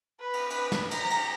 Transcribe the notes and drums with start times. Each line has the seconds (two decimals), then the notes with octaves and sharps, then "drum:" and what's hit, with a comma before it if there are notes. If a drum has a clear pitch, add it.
0.20 B4
0.33 drum: cymbal
0.50 B4, drum: cymbal
0.72 drum: snare
0.91 A#5, drum: cymbal
1.10 drum: cymbal